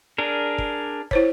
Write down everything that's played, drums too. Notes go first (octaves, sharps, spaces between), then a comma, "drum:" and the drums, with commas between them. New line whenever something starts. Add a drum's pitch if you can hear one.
D4 G#4 A#4
drum: kick
E4 C5 C#5, drum: kick